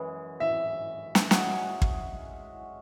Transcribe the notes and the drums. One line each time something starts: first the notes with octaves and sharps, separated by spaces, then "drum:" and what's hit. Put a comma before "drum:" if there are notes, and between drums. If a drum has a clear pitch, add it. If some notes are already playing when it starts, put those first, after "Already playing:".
Already playing: F#2 E3 G#3
E5
drum: snare
G#3 C#4 F#4, drum: snare
drum: kick